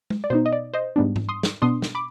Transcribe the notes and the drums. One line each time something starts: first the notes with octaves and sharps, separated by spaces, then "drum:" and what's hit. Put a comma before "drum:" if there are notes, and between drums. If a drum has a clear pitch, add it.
drum: tom G#3
D5
B2 B3 D#4 C5
D#5
D5
C5 D#5
G#2 G3 B3 D4
drum: tom G#2
C6 D#6
drum: snare
B2 B3 D4 C6 D#6
drum: snare
B5 D6